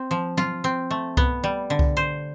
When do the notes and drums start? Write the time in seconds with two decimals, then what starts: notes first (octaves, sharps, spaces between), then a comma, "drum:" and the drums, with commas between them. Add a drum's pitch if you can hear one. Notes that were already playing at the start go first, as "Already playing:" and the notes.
Already playing: C4
0.11 F3
0.37 F4, drum: tom
0.64 C4
0.91 A3
1.17 B3, drum: kick C2
1.44 G3
1.70 D3
1.79 drum: kick C2
1.97 C5